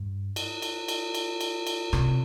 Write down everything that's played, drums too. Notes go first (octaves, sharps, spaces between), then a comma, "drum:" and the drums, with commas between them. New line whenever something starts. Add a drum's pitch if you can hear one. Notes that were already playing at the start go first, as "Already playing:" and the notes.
Already playing: G2
drum: cymbal
drum: cymbal
drum: cymbal
drum: cymbal
drum: cymbal
drum: cymbal
C3, drum: rim click